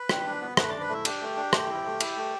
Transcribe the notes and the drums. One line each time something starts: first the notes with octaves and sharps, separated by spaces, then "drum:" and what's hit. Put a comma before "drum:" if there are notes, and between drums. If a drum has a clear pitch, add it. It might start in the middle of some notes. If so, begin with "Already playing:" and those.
Already playing: B4 B5
G3, drum: rim click
D4
B3
A3 B4 B5, drum: rim click
D4 D5 D6
B4 B5
A3 E4 E5
D4 G4 G5, drum: cymbal
A3
D4
A3, drum: rim click
E4
A3
E4, drum: cymbal
A3